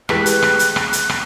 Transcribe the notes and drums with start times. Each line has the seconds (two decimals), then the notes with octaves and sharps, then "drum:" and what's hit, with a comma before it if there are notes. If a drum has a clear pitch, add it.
0.09 E3 G#3 A3 G4 B4 F#6 B6, drum: rim click
0.26 drum: hi-hat
0.42 drum: rim click
0.59 drum: hi-hat
0.76 drum: rim click
0.93 drum: hi-hat
1.09 drum: rim click